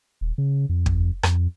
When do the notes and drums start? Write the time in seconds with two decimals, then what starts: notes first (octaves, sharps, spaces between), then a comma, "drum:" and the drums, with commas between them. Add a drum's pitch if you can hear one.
0.21 D#1
0.38 C#3
0.69 F2
0.86 drum: kick
1.23 F2, drum: rim click